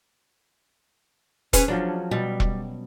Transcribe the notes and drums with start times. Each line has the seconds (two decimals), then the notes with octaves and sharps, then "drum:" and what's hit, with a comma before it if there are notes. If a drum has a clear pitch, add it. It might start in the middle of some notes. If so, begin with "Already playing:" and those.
1.53 C#4 G#4 B4, drum: kick E1, hi-hat
1.68 F3 F#3 C#4 D4
2.11 B2 G3
2.40 drum: kick E1